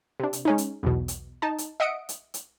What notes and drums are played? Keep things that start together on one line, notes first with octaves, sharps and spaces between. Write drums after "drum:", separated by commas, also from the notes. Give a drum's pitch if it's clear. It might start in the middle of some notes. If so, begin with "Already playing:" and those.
C3 D4
drum: hi-hat
G#3 C#4 D#4
drum: hi-hat
B1 E2 B2
drum: hi-hat
D#4 A5
drum: hi-hat
D#5 E5 F#5 D#6 C#7 D7
drum: hi-hat
drum: hi-hat